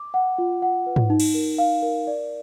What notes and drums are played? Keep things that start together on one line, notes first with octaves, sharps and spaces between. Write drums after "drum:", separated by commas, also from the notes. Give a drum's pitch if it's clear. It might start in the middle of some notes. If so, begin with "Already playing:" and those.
Already playing: D6
F#5
F4
F#5
B4
drum: tom G#2
D#4
drum: cymbal
A#4
F5
A#4
D5